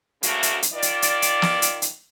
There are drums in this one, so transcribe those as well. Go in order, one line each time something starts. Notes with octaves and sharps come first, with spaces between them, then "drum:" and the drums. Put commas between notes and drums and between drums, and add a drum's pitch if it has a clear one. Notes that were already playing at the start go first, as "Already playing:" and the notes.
D2 C#3 A3 A#3 F#4, drum: hi-hat
drum: hi-hat
drum: hi-hat
D#3 F4 D5
drum: hi-hat
drum: hi-hat
drum: hi-hat
drum: snare
drum: hi-hat
drum: hi-hat